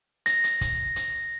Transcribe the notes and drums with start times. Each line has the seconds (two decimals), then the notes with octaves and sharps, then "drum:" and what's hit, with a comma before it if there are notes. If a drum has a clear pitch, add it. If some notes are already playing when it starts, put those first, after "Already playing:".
0.26 A#6, drum: hi-hat
0.44 drum: hi-hat
0.61 drum: kick, hi-hat
0.96 drum: hi-hat